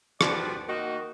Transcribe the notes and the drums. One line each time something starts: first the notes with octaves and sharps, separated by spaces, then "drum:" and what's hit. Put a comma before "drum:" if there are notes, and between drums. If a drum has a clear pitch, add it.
F3 G3 D4 F#4 B4 D5, drum: rim click
D#3 A#3 D#4 F#4